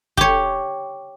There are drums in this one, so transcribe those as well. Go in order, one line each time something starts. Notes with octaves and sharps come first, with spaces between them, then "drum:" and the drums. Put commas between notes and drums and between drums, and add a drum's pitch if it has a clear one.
G4 C#5, drum: kick